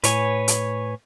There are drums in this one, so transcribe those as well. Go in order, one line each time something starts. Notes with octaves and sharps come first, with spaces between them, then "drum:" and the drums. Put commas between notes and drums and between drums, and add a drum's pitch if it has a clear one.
A2 B4 C#5 G#5, drum: hi-hat
drum: hi-hat